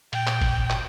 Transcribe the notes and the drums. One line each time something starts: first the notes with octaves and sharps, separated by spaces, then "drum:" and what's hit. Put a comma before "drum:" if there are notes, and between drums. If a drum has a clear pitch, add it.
A#2 G5, drum: cymbal
drum: clap
drum: kick G1, cymbal
drum: clap